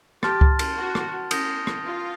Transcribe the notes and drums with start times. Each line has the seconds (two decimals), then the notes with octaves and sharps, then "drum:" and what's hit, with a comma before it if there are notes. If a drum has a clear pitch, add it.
0.23 G4 A5 C6 F6 A6, drum: rim click
0.41 drum: kick C#2
0.59 drum: cymbal
0.77 F#4
0.95 drum: rim click
1.31 D#6 G6 A#6, drum: cymbal
1.67 drum: rim click
1.85 F4